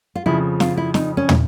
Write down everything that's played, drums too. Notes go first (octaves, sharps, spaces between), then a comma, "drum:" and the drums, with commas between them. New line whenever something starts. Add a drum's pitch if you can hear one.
F4
F2 C#3 F3 E4
F4, drum: snare
E4
D#4, drum: snare
C#4
drum: tom